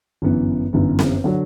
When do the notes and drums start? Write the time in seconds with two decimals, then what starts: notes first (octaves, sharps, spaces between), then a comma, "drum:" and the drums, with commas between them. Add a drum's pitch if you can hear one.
0.22 G1 F#2 E3 B3
0.73 G1 F#2 E3 B3
0.99 drum: snare C4
1.24 D3 F#3